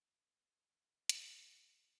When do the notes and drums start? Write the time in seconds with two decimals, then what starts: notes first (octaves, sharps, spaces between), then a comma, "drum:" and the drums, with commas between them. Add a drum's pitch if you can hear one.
0.16 G#3 D4 G#5
0.74 E3 A3 D4
1.09 drum: hi-hat
1.31 F#3 B3 D4 A5